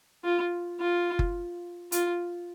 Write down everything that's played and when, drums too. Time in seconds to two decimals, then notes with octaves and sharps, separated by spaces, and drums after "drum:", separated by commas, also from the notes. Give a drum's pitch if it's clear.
0.24 F4
0.80 F4
1.19 drum: kick F#1
1.92 F4, drum: hi-hat